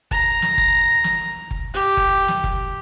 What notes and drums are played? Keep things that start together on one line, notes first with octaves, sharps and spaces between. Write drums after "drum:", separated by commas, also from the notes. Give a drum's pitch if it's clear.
A#5, drum: kick F#1
drum: snare
drum: kick F#1
drum: snare
drum: kick F#1
G4
drum: kick F#1
drum: snare
drum: kick F#1